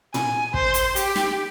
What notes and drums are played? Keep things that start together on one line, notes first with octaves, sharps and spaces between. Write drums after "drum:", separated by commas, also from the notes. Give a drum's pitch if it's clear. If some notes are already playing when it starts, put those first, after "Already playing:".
G#5, drum: tom
C5, drum: kick
drum: hi-hat
G4, drum: hi-hat
drum: snare